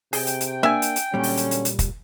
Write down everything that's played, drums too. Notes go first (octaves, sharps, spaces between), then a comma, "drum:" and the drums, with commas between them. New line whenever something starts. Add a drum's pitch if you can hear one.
C3 G#4 G5, drum: open hi-hat
drum: hi-hat
drum: hi-hat
A#3 D4 E5 G#5
drum: hi-hat
drum: hi-hat
A#2 D3 F#3 G3 C#4
drum: open hi-hat
drum: hi-hat
drum: hi-hat
drum: hi-hat
drum: kick, hi-hat